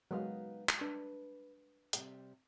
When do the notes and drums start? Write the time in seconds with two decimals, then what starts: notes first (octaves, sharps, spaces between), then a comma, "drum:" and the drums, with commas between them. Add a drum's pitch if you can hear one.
0.11 F#3 G#3 B3 D#4 F5
0.69 drum: clap
0.81 D4 B4
1.93 C3 G3, drum: hi-hat